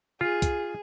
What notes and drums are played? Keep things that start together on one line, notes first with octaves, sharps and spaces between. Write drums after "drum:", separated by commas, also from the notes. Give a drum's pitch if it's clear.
F4 G#4
drum: kick, hi-hat